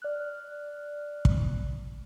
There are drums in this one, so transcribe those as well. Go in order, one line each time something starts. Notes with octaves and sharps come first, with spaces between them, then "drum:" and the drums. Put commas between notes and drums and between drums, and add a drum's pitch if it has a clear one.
D5 F6 F#6
drum: kick